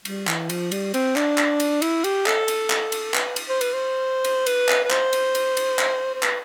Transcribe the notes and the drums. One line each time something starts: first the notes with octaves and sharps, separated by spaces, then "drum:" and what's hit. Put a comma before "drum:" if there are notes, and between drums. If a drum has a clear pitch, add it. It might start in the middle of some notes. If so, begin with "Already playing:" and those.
G3, drum: cymbal
E3, drum: clap
F3, drum: cymbal
G3, drum: cymbal
C4, drum: cymbal
D4, drum: clap
drum: clap
drum: cymbal
E4, drum: cymbal
G4, drum: cymbal
A4, drum: clap
drum: cymbal
drum: clap
drum: cymbal
B4, drum: clap
drum: cymbal
C5
B4, drum: cymbal
C5
drum: cymbal
B4, drum: cymbal
drum: clap
B4
C5, drum: clap
drum: cymbal
drum: cymbal
drum: cymbal
drum: clap
C5
B4, drum: clap